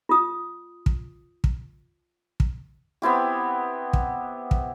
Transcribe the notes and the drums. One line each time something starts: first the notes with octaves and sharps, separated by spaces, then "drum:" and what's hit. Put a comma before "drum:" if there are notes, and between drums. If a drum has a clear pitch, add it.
F4 D#6
drum: kick
drum: kick
drum: kick
B3 C4 E4 G4
drum: kick
drum: kick